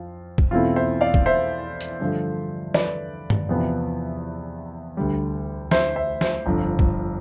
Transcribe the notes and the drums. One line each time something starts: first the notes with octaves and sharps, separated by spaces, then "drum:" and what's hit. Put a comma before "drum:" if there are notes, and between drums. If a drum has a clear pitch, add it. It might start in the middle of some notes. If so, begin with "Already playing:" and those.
Already playing: F2 F4
drum: kick
E2 B2 A3 C4 E4 F4
C5 E5
D5 F5
drum: kick
C5 E5
drum: hi-hat
G2 D3 F3 A3
B4 D5, drum: snare
drum: tom G2
E2 C3 F3 B3
D2 D3 G3
C5 E5, drum: snare
C5 E5
C5 E5, drum: snare
G1 F2 D3
drum: kick